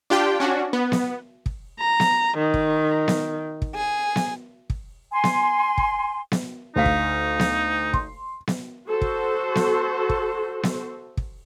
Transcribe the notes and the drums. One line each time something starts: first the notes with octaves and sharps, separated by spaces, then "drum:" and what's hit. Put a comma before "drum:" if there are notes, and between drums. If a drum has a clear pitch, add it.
D4 F4 G4 G5
C#4 D4 F#4
B3
drum: snare B3
drum: kick
A#5
drum: snare B3
D#3
drum: kick
drum: snare B3
drum: kick
G#4
drum: snare B3
drum: kick
G#5 C6
drum: snare B3
drum: kick
drum: snare B3
D2 D#4 F5 B6
drum: kick
drum: snare B3
C6, drum: kick
drum: snare B3
F#4 A4 C5
drum: kick
drum: snare B3
drum: kick
drum: snare B3
drum: kick